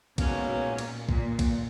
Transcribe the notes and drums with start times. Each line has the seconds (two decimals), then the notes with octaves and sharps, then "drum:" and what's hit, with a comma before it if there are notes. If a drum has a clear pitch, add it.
0.18 G#2 B2 F#3 A#3 C#4, drum: kick B1, cymbal
0.63 A#2
0.78 drum: cymbal
1.09 A#2, drum: kick B1
1.39 drum: kick B1, cymbal